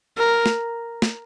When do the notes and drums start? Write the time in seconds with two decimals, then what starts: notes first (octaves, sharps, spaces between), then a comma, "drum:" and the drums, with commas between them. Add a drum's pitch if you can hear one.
0.18 A#4
0.46 drum: snare
1.02 drum: snare